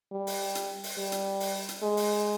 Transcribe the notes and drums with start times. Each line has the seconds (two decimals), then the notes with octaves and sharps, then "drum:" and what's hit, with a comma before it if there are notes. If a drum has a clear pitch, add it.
0.12 G3
0.27 drum: open hi-hat
0.55 drum: hi-hat
0.84 drum: open hi-hat
0.98 G3
1.12 drum: hi-hat
1.40 drum: open hi-hat
1.69 drum: hi-hat
1.82 G#3
1.97 drum: open hi-hat